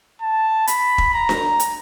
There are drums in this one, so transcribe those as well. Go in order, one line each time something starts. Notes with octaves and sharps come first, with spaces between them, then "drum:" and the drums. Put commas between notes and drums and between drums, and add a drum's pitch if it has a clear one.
A5
B5, drum: hi-hat
drum: kick E1
A#5
drum: snare D4
drum: hi-hat